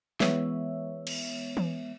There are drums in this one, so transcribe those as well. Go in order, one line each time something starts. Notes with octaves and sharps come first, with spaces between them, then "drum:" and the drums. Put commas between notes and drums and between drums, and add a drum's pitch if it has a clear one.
E3 G#3 B3 C#5 E5, drum: snare
drum: cymbal
drum: tom E3